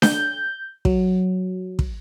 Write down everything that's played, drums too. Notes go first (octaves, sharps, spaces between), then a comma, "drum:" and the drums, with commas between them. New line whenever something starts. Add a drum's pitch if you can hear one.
G6, drum: snare D4
F#3, drum: kick
drum: kick